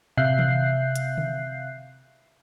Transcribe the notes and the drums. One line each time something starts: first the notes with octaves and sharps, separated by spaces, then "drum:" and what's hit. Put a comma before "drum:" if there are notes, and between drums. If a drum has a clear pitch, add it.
C3 E5 F5 F#6 G6 C7, drum: tom
drum: tom D#3
drum: hi-hat
drum: tom D3